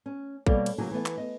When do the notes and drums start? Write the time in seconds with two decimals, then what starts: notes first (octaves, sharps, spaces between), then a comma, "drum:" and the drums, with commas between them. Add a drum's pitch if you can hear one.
0.06 C#4
0.47 B2 G3 A#3 A4 C#5 F5, drum: kick
0.66 drum: cymbal
0.78 C#3 F#3 A#3 E4 G#4
0.91 E3 A3 B3 E5
1.06 drum: clap
1.18 D#5